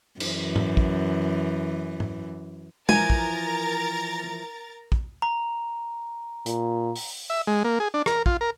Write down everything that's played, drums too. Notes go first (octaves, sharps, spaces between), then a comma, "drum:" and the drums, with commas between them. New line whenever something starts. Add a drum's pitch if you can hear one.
F#2 E3, drum: cymbal
drum: tom G#2
drum: kick
drum: tom G#2
E3 F3 A#4 G#5 A#5 A6, drum: tom
drum: kick
drum: kick
A#5
A#2, drum: hi-hat
drum: open hi-hat
E5
G#3
A#3
G#4
D4
A#4, drum: rim click
F4, drum: kick
A#4